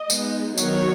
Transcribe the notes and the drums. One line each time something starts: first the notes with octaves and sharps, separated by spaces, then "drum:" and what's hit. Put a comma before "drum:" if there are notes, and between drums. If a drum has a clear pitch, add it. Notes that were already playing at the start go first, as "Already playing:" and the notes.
Already playing: D#5
G#3 B3 D#4, drum: tambourine
D#3 F#3 B3 D#4 C#5, drum: tambourine